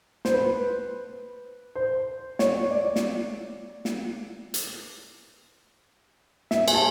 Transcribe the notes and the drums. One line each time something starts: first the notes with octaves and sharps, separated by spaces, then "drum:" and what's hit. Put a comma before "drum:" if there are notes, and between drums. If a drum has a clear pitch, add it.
C5, drum: snare
B4
C5
C#5, drum: snare
D5
drum: snare
drum: snare
drum: hi-hat
E5, drum: snare
G#5, drum: cymbal
A5